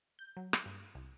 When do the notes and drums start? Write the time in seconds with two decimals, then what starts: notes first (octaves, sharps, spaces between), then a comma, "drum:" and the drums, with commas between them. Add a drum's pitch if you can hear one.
0.19 G6
0.37 F#3
0.53 drum: rim click
0.66 G2
0.95 C2